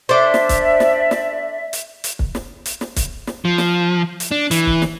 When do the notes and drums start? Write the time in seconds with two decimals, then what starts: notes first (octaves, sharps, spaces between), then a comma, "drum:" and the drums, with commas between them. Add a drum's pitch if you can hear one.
0.09 D4 A4 C5 D5 E5
0.34 drum: snare
0.49 drum: kick, hi-hat
0.80 drum: snare
1.11 drum: snare
1.73 drum: hi-hat
2.04 drum: hi-hat
2.19 drum: kick
2.35 drum: snare
2.66 drum: hi-hat
2.81 drum: snare
2.96 drum: kick, hi-hat
3.27 drum: snare
3.45 F3
3.58 drum: snare
4.20 drum: hi-hat
4.31 D4
4.51 E3, drum: hi-hat
4.66 drum: kick
4.82 drum: snare